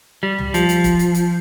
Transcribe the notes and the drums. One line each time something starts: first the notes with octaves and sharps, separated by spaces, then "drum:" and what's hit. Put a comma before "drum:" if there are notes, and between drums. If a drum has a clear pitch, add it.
G3
drum: tom C#2
F3, drum: hi-hat
drum: hi-hat
drum: kick, hi-hat
drum: hi-hat
drum: hi-hat